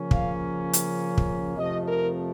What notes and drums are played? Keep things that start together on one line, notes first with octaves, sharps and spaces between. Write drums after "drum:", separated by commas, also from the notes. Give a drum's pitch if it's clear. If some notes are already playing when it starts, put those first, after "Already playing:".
Already playing: C#3 F3 A#3 C#4
F5, drum: kick
drum: hi-hat
drum: kick
F2 C3 F3 A3 D#5
A#4